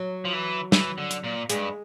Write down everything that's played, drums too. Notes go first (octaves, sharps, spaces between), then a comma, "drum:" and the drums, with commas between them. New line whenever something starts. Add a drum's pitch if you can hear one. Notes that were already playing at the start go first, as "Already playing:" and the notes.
Already playing: F#3
F3
E3
E3, drum: snare
D3
drum: hi-hat
A#2
G2 G#3, drum: hi-hat